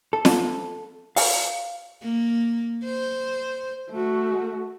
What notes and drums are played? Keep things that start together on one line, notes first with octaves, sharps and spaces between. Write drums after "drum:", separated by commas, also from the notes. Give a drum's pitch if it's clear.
A4
drum: snare
F5, drum: open hi-hat
A#3
C5
A3 F#4